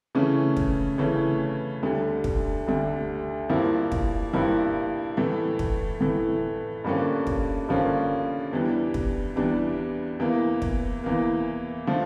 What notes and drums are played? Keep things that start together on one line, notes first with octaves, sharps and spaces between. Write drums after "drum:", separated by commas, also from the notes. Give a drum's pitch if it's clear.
C#3 E3 A3 C#4
drum: kick
C#3 E3 A3 C#4
D2 D3 G3
drum: kick
D2 D3 G3
G2 F3 A#3 E4
drum: kick
G2 F3 A#3 E4
A2 E3 A3
drum: kick
A2 E3 A3
G2 D3 F3 A#3 C#4
drum: kick
G2 D3 F3 A#3 C#4
E2 E3 G3 D4
drum: kick
E2 E3 G3 D4
E2 E3 A#3
drum: kick
E2 E3 A#3
D3 F3 A3